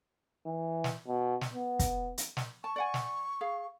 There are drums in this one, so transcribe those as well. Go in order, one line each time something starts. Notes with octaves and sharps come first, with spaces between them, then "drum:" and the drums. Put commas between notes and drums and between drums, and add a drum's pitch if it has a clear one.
E3
drum: snare
B2
drum: snare
B3
drum: kick, hi-hat
drum: hi-hat
drum: snare
A5 C#6
D5 F#5 G#5
drum: snare
G#4 F5